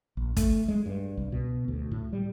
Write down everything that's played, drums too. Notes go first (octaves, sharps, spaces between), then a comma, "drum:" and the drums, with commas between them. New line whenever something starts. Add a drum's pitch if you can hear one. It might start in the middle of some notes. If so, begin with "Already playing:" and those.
A#1
A3, drum: kick, hi-hat
G#3
G2
C2
B2
D2
A2
G3